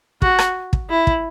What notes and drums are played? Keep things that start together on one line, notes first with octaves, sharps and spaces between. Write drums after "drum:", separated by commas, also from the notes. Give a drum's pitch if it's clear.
F#4, drum: kick
drum: rim click
drum: kick
E4
drum: kick